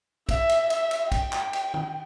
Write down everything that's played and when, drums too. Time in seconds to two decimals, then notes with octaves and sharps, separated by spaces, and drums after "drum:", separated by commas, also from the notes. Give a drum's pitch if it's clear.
0.29 E5, drum: kick, cymbal
0.49 drum: cymbal
0.70 E5, drum: cymbal
0.91 drum: cymbal
1.12 G5, drum: kick, cymbal
1.32 drum: clap
1.53 drum: cymbal
1.74 drum: tom